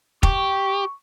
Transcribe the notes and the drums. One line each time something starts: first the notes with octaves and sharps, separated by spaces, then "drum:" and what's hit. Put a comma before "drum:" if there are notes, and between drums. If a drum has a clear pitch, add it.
G4 C#6, drum: kick